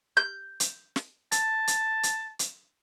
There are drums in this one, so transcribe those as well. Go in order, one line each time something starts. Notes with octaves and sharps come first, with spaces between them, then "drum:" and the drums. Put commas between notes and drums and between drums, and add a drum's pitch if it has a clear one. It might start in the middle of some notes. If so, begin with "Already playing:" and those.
G6
drum: hi-hat
drum: snare
A5, drum: hi-hat
drum: hi-hat
drum: hi-hat
drum: hi-hat